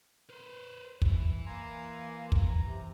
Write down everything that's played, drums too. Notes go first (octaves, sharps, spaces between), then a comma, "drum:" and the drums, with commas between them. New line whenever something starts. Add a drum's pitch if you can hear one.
B4 C5
E3, drum: kick
A#3 G#5 A#5 C6
drum: kick
A#5
C3